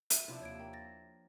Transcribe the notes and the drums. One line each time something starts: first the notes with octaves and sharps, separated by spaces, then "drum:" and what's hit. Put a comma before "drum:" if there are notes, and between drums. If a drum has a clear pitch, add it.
E5, drum: hi-hat
C3 F3 D4 E4
D#2 C#5 G#6 D7
A#3 G5
A6 A#6